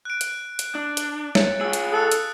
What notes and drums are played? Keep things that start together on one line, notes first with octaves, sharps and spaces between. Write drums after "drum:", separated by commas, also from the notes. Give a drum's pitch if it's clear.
F#6 D7
drum: hi-hat
drum: hi-hat
D4
drum: hi-hat
C#5 A6 C#7, drum: snare
F4 G#4 E6
drum: hi-hat
A4 D#6 E6 F#6
drum: hi-hat